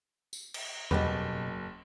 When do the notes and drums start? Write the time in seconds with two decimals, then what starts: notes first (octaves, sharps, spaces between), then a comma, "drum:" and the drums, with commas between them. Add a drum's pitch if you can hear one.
0.33 drum: tambourine
0.54 drum: cymbal
0.91 F#1 B2 G4 B4, drum: tom E2